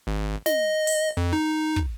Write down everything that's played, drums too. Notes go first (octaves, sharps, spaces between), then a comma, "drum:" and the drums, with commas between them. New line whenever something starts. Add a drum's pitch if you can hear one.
G#1
D#5, drum: snare
drum: open hi-hat
F2
D#4
drum: kick